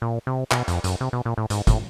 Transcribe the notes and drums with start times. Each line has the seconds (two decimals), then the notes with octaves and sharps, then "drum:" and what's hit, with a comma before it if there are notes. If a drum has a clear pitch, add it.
0.02 A#2
0.27 C3
0.51 B2, drum: clap
0.68 F2, drum: hi-hat
0.84 F#2, drum: hi-hat
1.01 C3
1.13 B2
1.25 A#2
1.38 A2
1.50 G#2, drum: hi-hat
1.67 A2, drum: kick, hi-hat